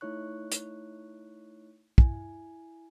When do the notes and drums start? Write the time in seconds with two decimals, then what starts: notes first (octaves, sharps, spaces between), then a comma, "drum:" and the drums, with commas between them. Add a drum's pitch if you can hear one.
0.01 A3 D#4 E4 C#5 C#6 F#6
0.52 drum: hi-hat
1.98 E4 G#5, drum: kick